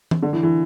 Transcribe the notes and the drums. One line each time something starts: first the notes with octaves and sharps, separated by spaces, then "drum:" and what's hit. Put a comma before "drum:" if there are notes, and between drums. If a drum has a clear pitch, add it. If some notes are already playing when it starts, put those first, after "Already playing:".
drum: tom E3
D3
E3
E3